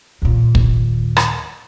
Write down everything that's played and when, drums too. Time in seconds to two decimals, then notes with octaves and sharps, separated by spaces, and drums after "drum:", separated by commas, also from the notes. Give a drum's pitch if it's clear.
0.22 D#2 A#2
0.55 drum: kick
1.17 drum: rim click